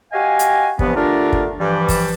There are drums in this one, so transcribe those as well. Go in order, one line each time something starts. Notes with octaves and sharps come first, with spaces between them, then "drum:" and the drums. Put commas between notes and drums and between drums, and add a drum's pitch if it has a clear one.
F#4 G4 D#5 F5 G#5
drum: hi-hat
G2 C3 E3 F3 B3, drum: kick
D3 A3 D4 F4 G4 A#4
drum: kick
G2 E3 F3 G3
drum: kick, open hi-hat